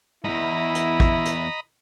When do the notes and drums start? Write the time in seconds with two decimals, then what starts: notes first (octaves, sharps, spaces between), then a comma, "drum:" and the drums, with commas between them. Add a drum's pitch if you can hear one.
0.24 E2 G#2 E4 D#5 A#5 B5
0.75 drum: hi-hat
1.00 drum: kick
1.25 drum: hi-hat